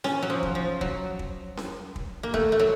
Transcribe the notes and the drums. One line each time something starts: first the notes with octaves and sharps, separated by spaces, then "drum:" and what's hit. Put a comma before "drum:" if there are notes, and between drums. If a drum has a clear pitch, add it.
C#4, drum: snare C#4
F#3
F3
drum: kick
F3
F#3, drum: kick
drum: kick
drum: snare C#4
drum: kick
A#3
A3, drum: kick
A3
F#3